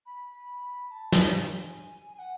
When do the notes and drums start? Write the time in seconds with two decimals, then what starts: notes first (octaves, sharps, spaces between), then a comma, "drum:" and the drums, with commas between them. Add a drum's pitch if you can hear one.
0.06 B5
0.91 A5
1.12 G#5, drum: snare
2.13 G#5
2.19 F#5